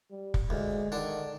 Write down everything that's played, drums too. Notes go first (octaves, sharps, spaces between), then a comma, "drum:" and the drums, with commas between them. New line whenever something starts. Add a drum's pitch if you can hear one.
G3
drum: kick
D2 G#3
D3 D#3 D4